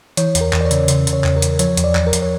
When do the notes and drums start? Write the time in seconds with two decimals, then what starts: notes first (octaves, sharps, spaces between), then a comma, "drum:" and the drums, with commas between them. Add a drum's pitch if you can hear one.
0.17 E3 C#5, drum: hi-hat
0.35 E2, drum: hi-hat
0.41 A#4
0.53 E2, drum: clap
0.61 D5
0.65 C#5
0.71 C#3, drum: hi-hat
0.88 C#3, drum: hi-hat
1.07 C#3, drum: hi-hat
1.13 C#5
1.24 E2, drum: clap
1.36 A#4
1.42 E2, drum: hi-hat
1.59 F3 C#5, drum: hi-hat
1.77 E2, drum: hi-hat
1.84 D5
1.95 E2, drum: clap
2.07 A#4
2.13 E2, drum: hi-hat
2.22 C#5